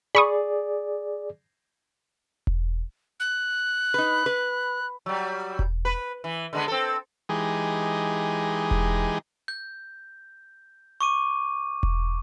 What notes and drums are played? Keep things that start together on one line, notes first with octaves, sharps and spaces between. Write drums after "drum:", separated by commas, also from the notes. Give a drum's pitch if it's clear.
G#4 D5 B5 C#6 D#6
drum: kick E1
F#6
D#4 B4
B4
F#3 G3
drum: kick E1
B4
E3
D3 G#3 B3
C4 A4
E3 G#3 D#4 G4 G#4
drum: kick E1
G6
C#6 D6 D#7
drum: kick E1